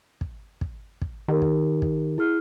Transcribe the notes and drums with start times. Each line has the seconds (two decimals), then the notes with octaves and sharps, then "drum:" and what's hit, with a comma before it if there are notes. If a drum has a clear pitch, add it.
0.21 drum: kick
0.61 drum: kick
1.02 drum: kick
1.28 D#3 G4 A#4
1.42 drum: kick
1.82 drum: kick
2.18 E4 G#4 F6